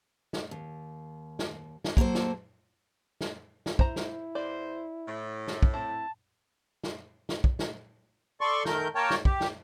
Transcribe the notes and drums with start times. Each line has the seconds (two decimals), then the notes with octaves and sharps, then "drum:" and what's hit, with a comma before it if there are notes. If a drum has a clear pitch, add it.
0.33 drum: snare
0.51 D#2
1.39 drum: snare
1.84 drum: snare
1.97 F#3 A#3 F#4 A4 C5, drum: kick
2.15 drum: snare
3.21 drum: snare
3.66 drum: snare
3.79 E4 C5 A#5, drum: kick
3.96 drum: snare
4.35 E2 C5 D5
5.07 A2
5.47 drum: snare
5.63 drum: kick
5.74 C4 E4 A5
6.84 drum: snare
7.29 drum: snare
7.44 drum: kick
7.59 drum: snare
8.41 A4 D5 C6 C#6
8.65 D#3 A3 A#4 G6, drum: snare
8.95 A#3 A#4 C#5 G5 A5
9.10 drum: snare
9.25 G4, drum: kick
9.41 drum: snare